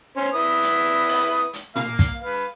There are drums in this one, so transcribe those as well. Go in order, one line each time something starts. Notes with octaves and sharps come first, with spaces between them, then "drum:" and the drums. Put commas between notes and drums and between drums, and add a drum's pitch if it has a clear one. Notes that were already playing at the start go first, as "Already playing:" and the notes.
C#4 C5
E4 B4 D#6
drum: hi-hat
drum: open hi-hat
drum: hi-hat
A#3 F5, drum: tom
drum: kick, hi-hat
B4 F5